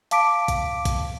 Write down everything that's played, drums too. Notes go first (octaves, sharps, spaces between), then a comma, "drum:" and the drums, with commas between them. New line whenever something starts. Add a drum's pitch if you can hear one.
F5 A5 D6 B6 D7, drum: hi-hat
drum: kick, hi-hat
drum: kick, hi-hat